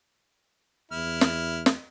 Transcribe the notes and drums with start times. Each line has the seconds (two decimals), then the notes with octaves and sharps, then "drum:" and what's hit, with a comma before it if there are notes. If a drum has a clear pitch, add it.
0.92 E2 E4 F6
1.21 drum: snare
1.66 drum: snare